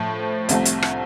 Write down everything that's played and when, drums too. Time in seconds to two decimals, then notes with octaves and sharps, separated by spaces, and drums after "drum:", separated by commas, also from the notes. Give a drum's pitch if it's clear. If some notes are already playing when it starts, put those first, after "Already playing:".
Already playing: A2 F3 A4
0.49 C2 C3 F3 A3, drum: hi-hat
0.65 drum: hi-hat
0.82 drum: rim click